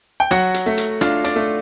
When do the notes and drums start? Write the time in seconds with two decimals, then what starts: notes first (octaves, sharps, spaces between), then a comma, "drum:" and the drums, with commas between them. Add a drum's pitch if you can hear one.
0.20 G5
0.31 F#3 F#4 F#5, drum: rim click
0.54 drum: hi-hat
0.66 A3
0.78 drum: hi-hat
1.01 D4 F4 F5, drum: rim click
1.24 D4 D5, drum: hi-hat
1.36 A3